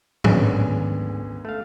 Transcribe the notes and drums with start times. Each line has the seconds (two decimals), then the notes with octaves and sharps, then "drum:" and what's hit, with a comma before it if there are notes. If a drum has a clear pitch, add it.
0.24 G#1 D2 B3 C#4 D4 G#5, drum: tom A2
1.45 A3 F5